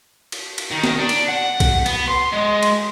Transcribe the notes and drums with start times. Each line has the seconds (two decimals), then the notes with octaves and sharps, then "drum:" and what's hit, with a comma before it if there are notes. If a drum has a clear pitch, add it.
0.32 drum: cymbal
0.58 drum: cymbal
0.71 D#3
0.84 drum: snare
0.98 D4
1.09 drum: cymbal
1.29 F#5
1.60 drum: kick B1, cymbal
1.86 B3, drum: cymbal
2.08 C6
2.33 G#3
2.63 drum: cymbal